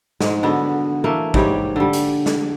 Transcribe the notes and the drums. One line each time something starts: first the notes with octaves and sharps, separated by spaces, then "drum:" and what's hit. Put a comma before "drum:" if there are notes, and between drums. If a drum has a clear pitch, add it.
G#2 G#3, drum: snare
D3 B3 F#4
E3 A3 A#3
G#2 G3 G4 C#5, drum: kick
D3 G3
drum: hi-hat
drum: snare